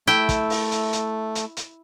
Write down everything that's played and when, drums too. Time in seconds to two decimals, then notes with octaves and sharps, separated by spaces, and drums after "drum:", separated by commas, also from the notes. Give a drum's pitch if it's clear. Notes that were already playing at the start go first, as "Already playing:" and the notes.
0.07 A3 E4 G5
0.29 drum: kick, hi-hat
0.50 drum: open hi-hat
0.71 drum: hi-hat
0.93 drum: hi-hat
1.35 drum: hi-hat
1.57 drum: hi-hat